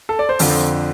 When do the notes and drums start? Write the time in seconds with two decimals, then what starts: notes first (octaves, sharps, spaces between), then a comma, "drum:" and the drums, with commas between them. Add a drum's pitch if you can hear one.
0.09 A4
0.19 D5
0.29 C5
0.39 F2 D3 F3 A4, drum: open hi-hat
0.50 C4